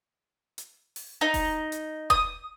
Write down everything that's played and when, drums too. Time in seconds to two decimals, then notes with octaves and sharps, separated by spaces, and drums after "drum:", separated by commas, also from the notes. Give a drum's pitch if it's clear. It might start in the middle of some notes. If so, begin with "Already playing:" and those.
0.58 drum: hi-hat
0.96 drum: open hi-hat
1.21 D#4
1.34 drum: kick E1, open hi-hat
1.72 drum: hi-hat
2.10 D#6, drum: kick E1